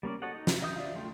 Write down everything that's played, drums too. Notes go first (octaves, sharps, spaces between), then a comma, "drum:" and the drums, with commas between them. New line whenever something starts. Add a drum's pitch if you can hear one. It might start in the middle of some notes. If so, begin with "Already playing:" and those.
G3 A#3 C#4 D5
F#4 A4 C#5 D#5 F#5
D#4
drum: snare
D#5 E5 D#6 G6
D5 E5 F5
A3 F4 G5